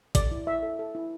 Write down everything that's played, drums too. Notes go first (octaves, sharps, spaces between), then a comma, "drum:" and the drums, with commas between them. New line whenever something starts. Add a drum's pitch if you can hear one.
A4 D5, drum: kick, hi-hat
E4
E4 E5
A4
A4
E4